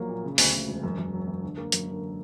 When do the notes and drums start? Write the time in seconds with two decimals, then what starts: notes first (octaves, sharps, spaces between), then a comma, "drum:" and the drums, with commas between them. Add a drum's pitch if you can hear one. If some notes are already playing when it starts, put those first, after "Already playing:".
Already playing: A#1 F#3 A#3
0.09 A#2
0.24 C#3
0.38 D2, drum: open hi-hat
0.53 D2
0.68 E1
0.83 F#2
0.98 F#2
1.13 F#3
1.28 F#2
1.44 D3
1.57 A#3
1.72 F#2, drum: hi-hat
1.88 D3